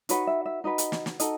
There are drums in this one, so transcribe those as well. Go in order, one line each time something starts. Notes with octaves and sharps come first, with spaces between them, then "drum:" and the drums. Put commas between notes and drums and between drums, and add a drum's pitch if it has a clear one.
D#4 F#4 B4 C#5, drum: hi-hat
E5
E5
D#4 F#4 B4 D#5
drum: hi-hat
drum: snare
drum: snare
D#4 F#4 A4 D#5, drum: hi-hat